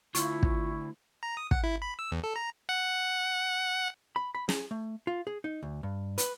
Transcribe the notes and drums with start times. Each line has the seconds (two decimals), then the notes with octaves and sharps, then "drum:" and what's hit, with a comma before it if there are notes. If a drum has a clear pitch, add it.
0.15 D2 E4 F4 C#6, drum: hi-hat
0.43 drum: kick
1.23 A#5
1.37 D#6
1.51 F#5, drum: kick
1.64 E4
1.82 B5
1.99 E6
2.12 E2
2.24 A4
2.36 A#5
2.69 F#5
4.16 B5
4.35 B5
4.49 G#4, drum: snare
4.71 A3
5.07 F4
5.27 G#4
5.44 D#4
5.63 D2
5.83 G2
6.18 B4, drum: hi-hat